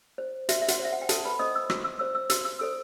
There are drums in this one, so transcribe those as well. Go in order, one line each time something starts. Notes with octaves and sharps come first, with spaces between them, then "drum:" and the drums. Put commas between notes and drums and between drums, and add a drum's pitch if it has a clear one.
C5
F#4 E5, drum: hi-hat
E5
F#4 F#5, drum: hi-hat
C5
E5
F#5
G5
F#4 A4 A5, drum: hi-hat
B4 B5
C5 D#5 D#6
E6
F#4 E6, drum: rim click
E6
C5 E6
E6
F#4 E6, drum: hi-hat
E6
A4 C5 E6